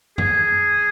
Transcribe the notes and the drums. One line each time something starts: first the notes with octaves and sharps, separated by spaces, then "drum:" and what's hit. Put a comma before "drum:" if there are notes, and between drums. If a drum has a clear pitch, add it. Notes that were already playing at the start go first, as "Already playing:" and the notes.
G#4, drum: tom F#2